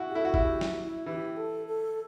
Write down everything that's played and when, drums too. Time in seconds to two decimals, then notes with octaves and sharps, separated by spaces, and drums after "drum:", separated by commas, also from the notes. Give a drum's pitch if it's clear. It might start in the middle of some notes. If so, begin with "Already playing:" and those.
Already playing: E4 F#4
0.09 G4
0.15 E4 A4
0.25 F#4
0.34 E4 G4, drum: kick
0.61 E4, drum: snare
0.84 E4
1.06 E3 G4
1.37 A4
1.67 A4